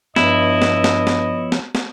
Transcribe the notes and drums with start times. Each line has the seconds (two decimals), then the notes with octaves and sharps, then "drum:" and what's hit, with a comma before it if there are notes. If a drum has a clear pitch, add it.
0.16 G2 F3 B3 E4 C#5 D#5, drum: snare
0.62 drum: snare
0.84 drum: snare
1.07 drum: snare
1.52 drum: snare
1.75 drum: snare